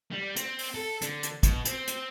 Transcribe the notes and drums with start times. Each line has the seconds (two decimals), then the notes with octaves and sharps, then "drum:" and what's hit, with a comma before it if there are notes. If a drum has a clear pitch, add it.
0.12 G3
0.36 C4, drum: hi-hat
0.59 drum: open hi-hat
0.75 A4
1.02 D3, drum: hi-hat
1.23 drum: hi-hat
1.43 B2, drum: kick, hi-hat
1.65 C4, drum: hi-hat
1.88 drum: hi-hat